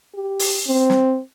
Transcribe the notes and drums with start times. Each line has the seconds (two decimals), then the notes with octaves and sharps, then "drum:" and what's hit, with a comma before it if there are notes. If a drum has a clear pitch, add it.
0.14 G4
0.39 drum: open hi-hat
0.67 C4
0.90 drum: snare